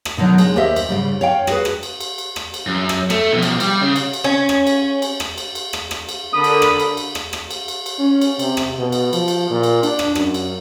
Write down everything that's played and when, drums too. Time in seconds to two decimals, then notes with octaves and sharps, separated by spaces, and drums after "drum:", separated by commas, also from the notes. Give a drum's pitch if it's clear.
0.05 drum: rim click
0.17 B2 D3 D#3 F#3
0.38 G#3, drum: cymbal
0.56 D#2 G4 C5 D#5 E5
0.76 drum: cymbal
0.89 G#2 C#3 G3
1.21 C#5 F5 G5
1.47 F#4 G#4 B4, drum: rim click
1.65 drum: rim click
1.83 drum: cymbal
2.01 drum: cymbal
2.18 drum: cymbal
2.36 drum: rim click
2.54 drum: cymbal
2.67 F#2
2.89 drum: rim click
3.10 A3, drum: rim click
3.32 B2 F3
3.42 drum: cymbal
3.60 G3, drum: cymbal
3.81 C#3
3.96 drum: cymbal
4.13 drum: cymbal
4.24 C#4
4.49 drum: rim click
4.67 drum: cymbal
5.02 drum: cymbal
5.20 drum: rim click
5.38 drum: cymbal
5.55 drum: cymbal
5.73 drum: rim click
5.91 drum: rim click
6.09 drum: cymbal
6.34 D3 A#4 B5 D#6
6.44 drum: cymbal
6.62 drum: rim click
6.80 drum: cymbal
6.97 drum: cymbal
7.15 drum: rim click
7.33 drum: rim click
7.50 drum: cymbal
7.68 drum: cymbal
7.86 drum: cymbal
7.99 C#4
8.21 drum: cymbal
8.39 C3, drum: cymbal
8.57 drum: rim click
8.79 B2
8.92 drum: cymbal
9.13 F3, drum: cymbal
9.28 drum: cymbal
9.51 A#2
9.63 drum: cymbal
9.83 D4, drum: cymbal
9.99 drum: rim click
10.15 F#2, drum: rim click
10.34 drum: cymbal